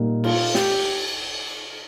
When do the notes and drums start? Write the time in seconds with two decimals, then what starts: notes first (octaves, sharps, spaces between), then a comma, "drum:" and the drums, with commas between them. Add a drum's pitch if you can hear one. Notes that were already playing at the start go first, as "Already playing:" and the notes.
Already playing: A#2 G3 A#3 D#4
0.24 F4, drum: cymbal
0.55 G4, drum: snare